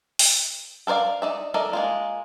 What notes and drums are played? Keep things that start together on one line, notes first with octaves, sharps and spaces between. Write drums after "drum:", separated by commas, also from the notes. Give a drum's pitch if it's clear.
drum: open hi-hat
A4 A#4 C5 D5 F5
D#4 D5 E5
D#4 A4 A#4 D5 E5
G#3 A#3 F4